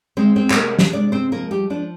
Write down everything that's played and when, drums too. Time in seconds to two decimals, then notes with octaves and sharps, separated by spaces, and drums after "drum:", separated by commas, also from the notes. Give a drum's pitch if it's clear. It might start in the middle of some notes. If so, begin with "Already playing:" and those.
0.17 G#3 C4 C5
0.36 C4 C5
0.50 C5, drum: clap
0.55 C3 A#3 A#4
0.79 drum: snare
0.93 G#3 D4 D5
1.12 C4 C5
1.32 F3 A#3 A#4
1.51 G3 G4
1.70 F3 D4